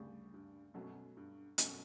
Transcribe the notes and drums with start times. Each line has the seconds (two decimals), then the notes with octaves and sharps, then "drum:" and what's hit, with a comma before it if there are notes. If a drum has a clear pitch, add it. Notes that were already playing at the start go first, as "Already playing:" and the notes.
Already playing: D2 C#3 G3
0.34 G2
0.74 F#2 B2 F#3 A3
1.17 G2
1.58 F#2 B2 F#3 A3, drum: hi-hat